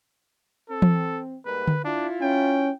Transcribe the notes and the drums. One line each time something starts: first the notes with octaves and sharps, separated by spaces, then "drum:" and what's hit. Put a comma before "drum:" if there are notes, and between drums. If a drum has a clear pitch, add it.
C4 A4
drum: tom E3
G#2 G3 A#3 B4
drum: tom D3
D4 E4 F4
C#4 G5